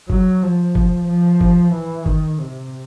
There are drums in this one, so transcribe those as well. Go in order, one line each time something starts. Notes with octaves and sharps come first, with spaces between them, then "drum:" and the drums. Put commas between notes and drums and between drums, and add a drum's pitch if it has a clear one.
F#3, drum: kick
F3
drum: kick
F3
drum: kick
E3
D#3, drum: kick
C3